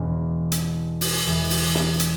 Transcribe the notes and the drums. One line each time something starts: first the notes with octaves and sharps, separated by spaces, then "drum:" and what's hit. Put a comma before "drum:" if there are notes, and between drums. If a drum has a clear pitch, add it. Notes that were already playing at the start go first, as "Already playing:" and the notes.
Already playing: E1 E2 B2
drum: hi-hat
drum: open hi-hat
E2 E3 G#3 E4
drum: open hi-hat
drum: snare
drum: hi-hat